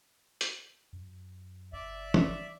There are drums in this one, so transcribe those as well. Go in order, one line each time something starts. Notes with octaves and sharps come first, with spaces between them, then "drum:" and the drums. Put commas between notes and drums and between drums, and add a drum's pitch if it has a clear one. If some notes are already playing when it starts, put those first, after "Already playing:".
drum: hi-hat
F#2
G1 D5 E5
drum: tom